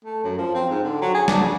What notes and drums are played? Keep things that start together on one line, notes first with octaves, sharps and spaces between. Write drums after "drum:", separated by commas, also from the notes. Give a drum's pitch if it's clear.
A3
F#2
F3
C4
G#2
D3
F#3
G#4
D4, drum: snare
C#3